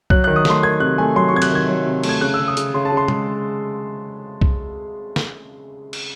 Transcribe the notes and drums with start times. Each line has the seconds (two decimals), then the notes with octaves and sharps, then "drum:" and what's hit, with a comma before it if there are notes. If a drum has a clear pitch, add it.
0.10 F#3 F#6, drum: kick C2
0.24 F#6
0.27 D#3
0.36 D#6
0.45 A3 C6, drum: snare
0.63 D#3 G#6
0.80 C3 F#6
0.98 A3 G#5
1.15 F#3 C6
1.28 C#6
1.33 C3 G#6
1.42 F#6, drum: cymbal
1.51 D#3 G#6
1.68 F#3
1.86 C3
2.03 A3, drum: cymbal
2.09 G#6
2.21 C#3 F#6
2.34 E6
2.39 C#3
2.48 D#6
2.57 C#3, drum: hi-hat
2.74 C#3 C6
2.85 A5
2.92 C#3
2.97 C6
3.08 G#3, drum: tom
3.27 C#3
4.41 drum: kick C2
5.16 drum: snare
5.93 drum: cymbal